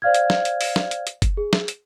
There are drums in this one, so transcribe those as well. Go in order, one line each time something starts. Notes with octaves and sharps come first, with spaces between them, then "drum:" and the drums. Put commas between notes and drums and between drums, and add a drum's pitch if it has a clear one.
C5 D5 F5 F6 G#6
drum: hi-hat
drum: snare
drum: hi-hat
drum: open hi-hat
drum: snare
drum: hi-hat
drum: hi-hat
drum: kick F#1, hi-hat
G#4
drum: snare
drum: hi-hat